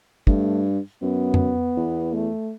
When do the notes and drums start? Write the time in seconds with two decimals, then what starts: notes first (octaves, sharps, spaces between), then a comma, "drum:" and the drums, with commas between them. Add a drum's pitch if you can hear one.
0.27 G2 A3, drum: kick
1.02 F#2 B3
1.34 drum: tom F2
1.77 E2
2.14 A3